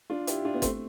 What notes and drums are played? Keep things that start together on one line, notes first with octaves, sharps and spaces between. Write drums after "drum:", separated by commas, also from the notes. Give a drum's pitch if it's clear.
D4 F4
E4 G4, drum: hi-hat
D4 F4
B3
A3 C4, drum: kick, hi-hat